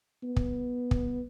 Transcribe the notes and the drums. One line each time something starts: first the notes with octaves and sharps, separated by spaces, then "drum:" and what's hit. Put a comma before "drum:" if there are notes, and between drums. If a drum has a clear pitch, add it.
B3
drum: kick
drum: kick